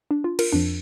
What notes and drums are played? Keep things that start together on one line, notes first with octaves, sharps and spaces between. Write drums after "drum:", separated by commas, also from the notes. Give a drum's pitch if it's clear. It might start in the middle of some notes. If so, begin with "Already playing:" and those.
D4
F4
F4 A#4, drum: cymbal
F2 F3 D4